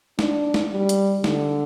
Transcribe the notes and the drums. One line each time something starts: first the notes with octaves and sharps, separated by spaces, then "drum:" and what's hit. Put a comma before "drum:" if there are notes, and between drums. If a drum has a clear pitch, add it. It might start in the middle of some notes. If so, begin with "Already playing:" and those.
D4, drum: snare
drum: snare
G3
drum: hi-hat
D3, drum: snare